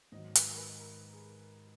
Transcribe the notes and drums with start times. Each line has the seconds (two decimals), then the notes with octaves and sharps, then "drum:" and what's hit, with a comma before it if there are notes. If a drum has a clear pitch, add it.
0.12 G#2 D#3 F#3 D#5
0.35 B4, drum: hi-hat
0.49 A#4
0.57 B4
0.80 A#4
1.13 G#4